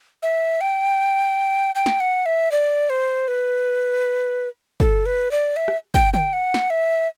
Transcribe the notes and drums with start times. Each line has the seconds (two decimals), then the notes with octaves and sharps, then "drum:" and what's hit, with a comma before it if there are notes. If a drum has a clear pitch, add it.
0.23 E5
0.61 G5
1.75 G5
1.86 drum: snare
2.00 F#5
2.26 E5
2.52 D5
2.90 C5
3.28 B4
4.80 A4, drum: kick
5.06 B4
5.31 D5
5.56 E5
5.68 drum: rim click
5.94 G5, drum: kick
6.14 G5, drum: tom D3
6.33 F#5
6.54 drum: snare
6.70 E5